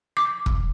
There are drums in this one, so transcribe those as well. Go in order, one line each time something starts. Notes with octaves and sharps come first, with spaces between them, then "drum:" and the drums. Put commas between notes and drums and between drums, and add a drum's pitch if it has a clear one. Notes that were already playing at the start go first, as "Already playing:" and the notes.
D6
drum: kick E1